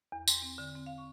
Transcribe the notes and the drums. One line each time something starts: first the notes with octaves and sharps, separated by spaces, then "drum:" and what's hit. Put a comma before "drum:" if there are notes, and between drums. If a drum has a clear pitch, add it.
E2
C6, drum: tambourine
C4
D3
C4
F5
C#6